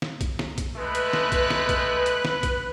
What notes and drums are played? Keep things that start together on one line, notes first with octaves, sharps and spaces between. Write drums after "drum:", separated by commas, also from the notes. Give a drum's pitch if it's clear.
drum: snare
drum: kick, hi-hat
drum: snare
drum: kick, hi-hat
G#3 A3 B4 F#6
drum: hi-hat
drum: snare
drum: kick, hi-hat
drum: snare
drum: kick, hi-hat
drum: hi-hat
drum: snare
drum: kick, hi-hat